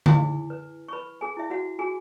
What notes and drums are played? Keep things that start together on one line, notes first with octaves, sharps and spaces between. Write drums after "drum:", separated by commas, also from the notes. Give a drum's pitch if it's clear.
E4 G#4 G#5, drum: tom D3
B4
C#6
B4 B5
G#4 G#5
E4 E5
F#4 F#5
F#4 G#4 G#5